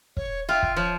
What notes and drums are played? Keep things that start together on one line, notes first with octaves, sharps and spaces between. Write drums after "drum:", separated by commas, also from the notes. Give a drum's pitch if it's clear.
C#5, drum: kick
F4 E5 F5 G5
drum: kick
F3 C#5